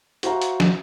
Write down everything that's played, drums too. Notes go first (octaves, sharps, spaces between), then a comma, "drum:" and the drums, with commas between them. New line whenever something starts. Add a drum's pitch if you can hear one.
F#4 C5 E5 F5 A#5, drum: hi-hat
drum: hi-hat
drum: snare